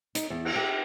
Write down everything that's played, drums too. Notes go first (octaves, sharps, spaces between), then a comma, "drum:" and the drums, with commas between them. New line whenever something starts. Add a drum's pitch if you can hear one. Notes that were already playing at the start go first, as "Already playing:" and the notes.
D#4, drum: hi-hat
E2
drum: cymbal
G4